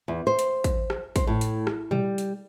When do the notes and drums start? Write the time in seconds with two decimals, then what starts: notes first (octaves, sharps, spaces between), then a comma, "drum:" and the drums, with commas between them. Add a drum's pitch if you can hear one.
0.08 E2
0.27 C5
0.39 drum: hi-hat
0.64 drum: kick, hi-hat
0.90 drum: rim click
1.16 C5, drum: kick, hi-hat
1.27 A2
1.41 drum: hi-hat
1.67 drum: rim click
1.91 G3, drum: tom A#2
2.18 drum: hi-hat